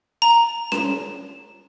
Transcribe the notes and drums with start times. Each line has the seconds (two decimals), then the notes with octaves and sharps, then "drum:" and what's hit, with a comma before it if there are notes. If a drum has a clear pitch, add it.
0.22 A#5
0.72 E7, drum: snare C#4